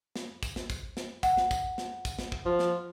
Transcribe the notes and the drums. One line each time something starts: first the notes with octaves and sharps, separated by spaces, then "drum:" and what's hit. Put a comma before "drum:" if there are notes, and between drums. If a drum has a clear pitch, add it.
drum: snare
drum: kick, tambourine
drum: snare
drum: kick, tambourine
drum: snare
F#5, drum: kick, tambourine
drum: snare
drum: kick, tambourine
drum: snare
drum: kick, tambourine
drum: snare
drum: kick
F3
drum: snare